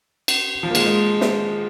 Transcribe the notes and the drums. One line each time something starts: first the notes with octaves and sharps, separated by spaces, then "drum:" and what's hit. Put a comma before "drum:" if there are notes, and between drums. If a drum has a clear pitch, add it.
drum: cymbal
F3
A#3
G#3, drum: cymbal
G#3
drum: snare